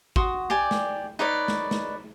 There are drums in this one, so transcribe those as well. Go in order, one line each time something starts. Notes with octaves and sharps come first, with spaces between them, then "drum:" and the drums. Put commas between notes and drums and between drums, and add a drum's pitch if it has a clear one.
F#4 C6 D#6, drum: kick
G4 D5 G#5
drum: snare
D#4 B4 C#5 D5
drum: snare
drum: snare